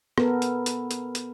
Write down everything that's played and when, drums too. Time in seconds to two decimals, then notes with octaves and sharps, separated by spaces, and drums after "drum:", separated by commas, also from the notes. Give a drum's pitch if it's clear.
0.18 B3 A4 A#4, drum: rim click
0.42 drum: hi-hat
0.66 drum: hi-hat
0.91 drum: hi-hat
1.15 drum: hi-hat